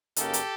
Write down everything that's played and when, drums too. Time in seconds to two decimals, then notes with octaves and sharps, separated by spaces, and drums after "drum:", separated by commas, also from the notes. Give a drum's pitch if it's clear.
0.16 F#2 C#3 F#3 A#3 D#4 G4 A4, drum: hi-hat
0.33 drum: hi-hat